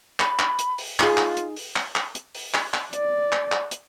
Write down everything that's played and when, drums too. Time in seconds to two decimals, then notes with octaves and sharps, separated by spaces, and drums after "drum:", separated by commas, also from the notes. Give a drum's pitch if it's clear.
0.20 B5, drum: clap
0.39 drum: clap
0.59 drum: hi-hat
0.78 drum: open hi-hat
1.00 D#4 F4 G#4, drum: clap
1.17 drum: clap
1.37 drum: hi-hat
1.56 drum: open hi-hat
1.76 drum: clap
1.96 drum: clap
2.15 drum: hi-hat
2.35 drum: open hi-hat
2.54 drum: clap
2.74 drum: clap
2.93 D5, drum: hi-hat
3.32 drum: clap
3.52 drum: clap
3.71 drum: hi-hat